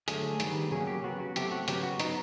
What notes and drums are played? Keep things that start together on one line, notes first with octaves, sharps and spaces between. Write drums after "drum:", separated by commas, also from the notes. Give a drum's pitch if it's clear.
D3 F#3 A3 G#4, drum: hi-hat
D#3 G3 B3, drum: hi-hat
C#3 F#3 A#3 C#4 G#4
G4
C#3 F#3 B3 F#4
F#4
F#3 A3 C4 G4, drum: hi-hat
F#4
C#3 F#3 B3 G4, drum: hi-hat
F#4
F#3 B3 D#4, drum: hi-hat